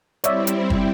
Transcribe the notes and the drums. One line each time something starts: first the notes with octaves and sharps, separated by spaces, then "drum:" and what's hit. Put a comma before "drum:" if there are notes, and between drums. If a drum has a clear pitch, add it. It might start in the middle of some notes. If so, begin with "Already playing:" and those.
G3 C4 E4 C#5 D5 E5, drum: hi-hat
drum: hi-hat
drum: kick F#1